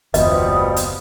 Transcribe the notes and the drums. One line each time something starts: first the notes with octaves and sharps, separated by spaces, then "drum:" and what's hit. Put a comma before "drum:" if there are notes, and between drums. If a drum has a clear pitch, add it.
F#1 D#2 B2 F3 G3 B3 D#5, drum: hi-hat
drum: hi-hat